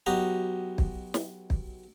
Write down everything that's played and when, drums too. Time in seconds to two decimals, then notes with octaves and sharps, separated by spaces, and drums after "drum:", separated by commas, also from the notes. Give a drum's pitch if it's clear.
0.06 B1 F#4 G4 D#5 A#5
0.78 drum: kick
1.14 drum: snare
1.50 drum: kick